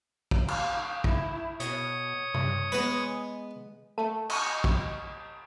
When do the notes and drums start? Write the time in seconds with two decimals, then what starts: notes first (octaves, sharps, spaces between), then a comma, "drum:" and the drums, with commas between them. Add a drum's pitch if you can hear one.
0.31 drum: kick
0.48 F5, drum: cymbal
1.04 E4, drum: kick
1.60 B2 C#5 D#6, drum: hi-hat
2.34 G2, drum: tom C3
2.72 G#3 B3 B4
3.98 A3 A5
4.30 D#5 C#6, drum: cymbal
4.64 drum: kick